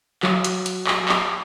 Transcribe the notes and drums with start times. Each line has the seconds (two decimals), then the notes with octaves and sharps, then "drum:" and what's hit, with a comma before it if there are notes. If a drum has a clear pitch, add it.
0.23 F#3, drum: clap
0.44 drum: hi-hat
0.66 drum: hi-hat
0.87 drum: clap
1.09 drum: clap